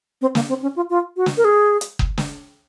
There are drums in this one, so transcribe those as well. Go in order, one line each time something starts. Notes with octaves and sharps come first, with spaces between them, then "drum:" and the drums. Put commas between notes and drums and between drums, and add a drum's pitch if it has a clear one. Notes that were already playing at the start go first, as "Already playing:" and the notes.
C4
A#3, drum: snare
C4
C#4
F4
F4
F#4
drum: snare
A#4
G#4
drum: hi-hat
drum: kick F#1
drum: snare